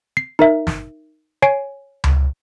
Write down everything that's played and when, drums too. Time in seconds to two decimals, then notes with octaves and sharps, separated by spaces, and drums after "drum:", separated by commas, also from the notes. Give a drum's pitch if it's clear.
0.17 C7
0.39 D#4 A#4 E5
0.67 drum: snare
1.42 C#5 G#5 C7 D7
2.04 drum: tom C#2